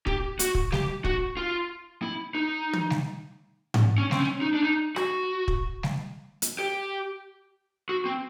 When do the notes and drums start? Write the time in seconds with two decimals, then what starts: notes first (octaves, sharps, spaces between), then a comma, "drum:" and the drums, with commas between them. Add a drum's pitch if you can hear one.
0.07 G4, drum: kick
0.39 F#4, drum: hi-hat
0.55 drum: kick
0.72 G4, drum: snare G3
1.05 F#4, drum: kick
1.37 F4
2.02 E4
2.35 D#4
2.73 drum: tom
2.90 drum: snare G3
3.74 drum: tom G#2
3.98 C#4
4.11 C4, drum: snare G3
4.20 C#4
4.42 D#4
4.54 D4
4.63 D#4
4.96 F#4, drum: rim click
5.48 drum: kick
5.83 drum: snare G3
6.42 drum: hi-hat
6.59 G4
7.89 F#4
8.06 C4